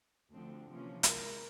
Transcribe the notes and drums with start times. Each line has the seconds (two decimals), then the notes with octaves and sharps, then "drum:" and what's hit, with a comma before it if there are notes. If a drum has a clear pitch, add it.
0.35 D2 D3 F3 C4
0.70 C3 E3 F3 A#3 C#4
1.03 G#3 A#4, drum: hi-hat